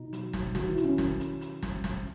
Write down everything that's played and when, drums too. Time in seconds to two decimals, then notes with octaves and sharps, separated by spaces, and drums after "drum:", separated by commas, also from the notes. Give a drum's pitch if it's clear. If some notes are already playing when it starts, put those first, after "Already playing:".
Already playing: B2 D#4
0.13 F#3, drum: hi-hat
0.33 B2, drum: snare
0.55 D#3 F#4, drum: snare
0.70 E4
0.77 D#3, drum: hi-hat
0.84 C#4
0.98 drum: snare
1.20 drum: hi-hat
1.41 drum: hi-hat
1.63 drum: snare
1.84 drum: snare